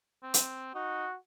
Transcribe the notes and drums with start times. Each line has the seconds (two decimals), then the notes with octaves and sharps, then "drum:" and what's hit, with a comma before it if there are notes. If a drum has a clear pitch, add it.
0.23 C4
0.34 drum: hi-hat
0.75 D#4 F#4